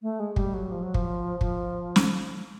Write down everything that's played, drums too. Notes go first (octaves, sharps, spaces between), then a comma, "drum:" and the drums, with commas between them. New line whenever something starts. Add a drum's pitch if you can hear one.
A3
G#3
G3, drum: kick
F#3
F3
F#3
F3, drum: kick
F3, drum: kick
drum: snare